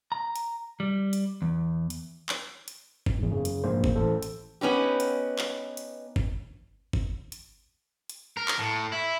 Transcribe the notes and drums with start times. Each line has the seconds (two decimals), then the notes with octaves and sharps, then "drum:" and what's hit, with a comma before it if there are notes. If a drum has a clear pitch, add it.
0.12 A#5
0.36 drum: hi-hat
0.80 G3
1.13 drum: hi-hat
1.42 E2
1.90 drum: hi-hat
2.29 drum: clap
2.68 drum: hi-hat
3.06 drum: kick
3.19 E2 G#2
3.30 F#2 C#3
3.45 drum: hi-hat
3.64 A#1 G#2 A#3 C5
3.84 drum: kick
3.96 A1 A2 A4 C5
4.23 drum: hi-hat
4.61 B3 C#4 D#4 G4
5.00 drum: hi-hat
5.39 drum: clap
5.77 drum: hi-hat
6.16 drum: kick
6.93 drum: kick
7.32 drum: hi-hat
8.09 drum: hi-hat
8.37 A#4
8.48 drum: clap
8.59 A2
8.92 E4